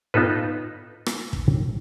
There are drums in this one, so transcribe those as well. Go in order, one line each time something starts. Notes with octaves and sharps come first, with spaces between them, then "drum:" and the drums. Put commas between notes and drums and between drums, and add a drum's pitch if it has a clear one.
B3 D#4 F4 A4 B4
drum: rim click
drum: kick